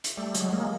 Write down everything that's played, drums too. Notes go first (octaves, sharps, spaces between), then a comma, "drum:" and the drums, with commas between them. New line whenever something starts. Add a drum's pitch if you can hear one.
drum: hi-hat
G3 A3
F#3 G#3, drum: hi-hat
G#3 A#3